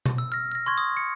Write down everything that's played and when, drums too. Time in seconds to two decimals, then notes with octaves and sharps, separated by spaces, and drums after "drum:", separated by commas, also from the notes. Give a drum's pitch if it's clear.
0.06 drum: tom B2
0.18 E6
0.32 F6 A#6
0.52 F6 A#6
0.66 C6 C#6 G#6
0.78 D#6
0.97 C#7